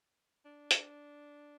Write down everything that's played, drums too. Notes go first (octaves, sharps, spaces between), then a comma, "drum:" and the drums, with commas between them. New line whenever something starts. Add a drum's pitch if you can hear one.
D4
drum: hi-hat